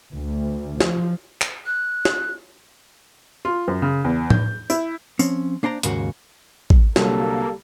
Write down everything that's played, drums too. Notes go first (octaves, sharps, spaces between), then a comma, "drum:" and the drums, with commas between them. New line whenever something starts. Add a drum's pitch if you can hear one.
D2
F3, drum: snare
drum: clap
F#6
drum: snare
F4
F#2
C#3
E2
G6, drum: tom A2
E4, drum: tambourine
F3 C4 C#4, drum: tambourine
A#3 D4 C5 D5 A#5
D#2 G#2 C#3 A#3 F#4 F#5, drum: hi-hat
drum: kick
C2 D3 F#3 G3 A#3 A4, drum: snare